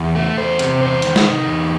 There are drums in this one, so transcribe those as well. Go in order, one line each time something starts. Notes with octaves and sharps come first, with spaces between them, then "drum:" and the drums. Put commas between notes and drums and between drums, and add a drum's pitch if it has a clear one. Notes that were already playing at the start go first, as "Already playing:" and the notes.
Already playing: E2
A3
E2 C5
C3, drum: hi-hat
E2 C5
D#3, drum: hi-hat
E4, drum: snare
C3 D#4
E2